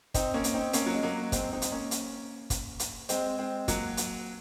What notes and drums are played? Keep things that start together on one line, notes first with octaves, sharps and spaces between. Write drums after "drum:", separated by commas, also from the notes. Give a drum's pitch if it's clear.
C4 D#4, drum: kick, hi-hat
A#3 C#4
drum: hi-hat
C4 D#4
A#3 C#4, drum: hi-hat
F#3
G#3
F#3 A#3
G#3 C4, drum: kick, hi-hat
C4 D#4
drum: hi-hat
A#3 C#4
drum: hi-hat
drum: kick, hi-hat
drum: hi-hat
G#3 C4, drum: hi-hat
G#3 C4
F#3 A#3, drum: kick, hi-hat
drum: hi-hat